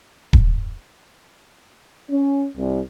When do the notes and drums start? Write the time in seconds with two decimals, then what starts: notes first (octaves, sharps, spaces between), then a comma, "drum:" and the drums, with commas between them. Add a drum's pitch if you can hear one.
0.33 drum: kick D#1
2.10 C#4
2.57 C2